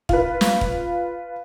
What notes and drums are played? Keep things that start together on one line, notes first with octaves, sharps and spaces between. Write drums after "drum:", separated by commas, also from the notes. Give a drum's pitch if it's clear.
F4 B4, drum: kick
drum: snare
drum: kick